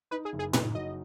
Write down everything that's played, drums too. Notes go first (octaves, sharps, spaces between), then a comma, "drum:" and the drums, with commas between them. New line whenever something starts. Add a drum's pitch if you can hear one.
D#4 B4
G#4
F#1
G#4
D#4 B4, drum: tom A2
F#3 D#5